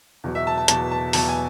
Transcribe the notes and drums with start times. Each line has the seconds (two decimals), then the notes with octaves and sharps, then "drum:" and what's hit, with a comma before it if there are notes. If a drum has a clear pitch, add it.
0.24 E2 B2 F#3
0.35 E5
0.47 A5
0.58 A5
0.68 E2 B2 F#3 A5, drum: hi-hat
0.91 A5
1.13 E2 B2 F#3 A5, drum: open hi-hat
1.28 G#5